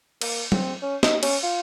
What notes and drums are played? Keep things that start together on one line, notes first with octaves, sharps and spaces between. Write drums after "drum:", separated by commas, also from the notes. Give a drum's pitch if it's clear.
A#3, drum: cymbal
C4, drum: tom F#3
C#4
D#4, drum: snare
C#4, drum: cymbal
F4